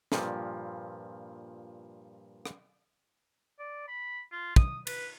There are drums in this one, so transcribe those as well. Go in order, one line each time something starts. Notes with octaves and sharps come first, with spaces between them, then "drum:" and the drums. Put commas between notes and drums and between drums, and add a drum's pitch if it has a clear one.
G2 A#2 F3, drum: snare
drum: rim click
D5
B5
F4
D#6, drum: kick
B4, drum: cymbal